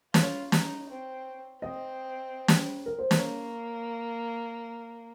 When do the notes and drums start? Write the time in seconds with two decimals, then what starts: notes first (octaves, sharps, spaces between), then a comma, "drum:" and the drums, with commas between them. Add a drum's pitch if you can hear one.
0.14 F4 C#5, drum: snare
0.52 D#4, drum: snare
0.89 C4
1.62 C4 D#5
2.48 drum: snare
2.86 A#4
2.99 C5
3.11 A#3 C#5, drum: snare